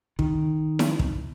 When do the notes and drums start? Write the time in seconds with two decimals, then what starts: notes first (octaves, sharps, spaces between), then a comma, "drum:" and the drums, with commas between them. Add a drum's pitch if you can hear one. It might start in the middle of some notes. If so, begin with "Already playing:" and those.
0.19 D#3, drum: kick
0.79 drum: snare E4
0.99 drum: kick